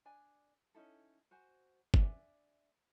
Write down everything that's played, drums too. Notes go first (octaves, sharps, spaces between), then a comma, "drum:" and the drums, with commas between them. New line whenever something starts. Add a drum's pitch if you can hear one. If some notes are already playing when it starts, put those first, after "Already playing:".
D4 D5 G#5
C#4 D#4 E4 A4
F#4 C5 G#5
D4 D5 E5 G#5, drum: kick